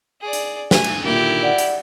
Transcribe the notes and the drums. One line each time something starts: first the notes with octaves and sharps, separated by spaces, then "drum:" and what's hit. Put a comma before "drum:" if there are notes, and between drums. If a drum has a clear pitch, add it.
G#4 D5
drum: hi-hat
A3 G#5, drum: snare
drum: cymbal
A#2 D3 D#3 E4 G4
D5 F#5
drum: hi-hat